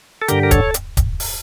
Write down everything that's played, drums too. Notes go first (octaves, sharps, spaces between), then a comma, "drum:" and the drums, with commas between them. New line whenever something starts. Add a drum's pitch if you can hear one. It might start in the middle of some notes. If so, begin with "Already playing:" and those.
A4
G2 D3 G4 A#4, drum: hi-hat
A#4
A4 C#5, drum: kick, hi-hat
drum: hi-hat
drum: kick, hi-hat
drum: open hi-hat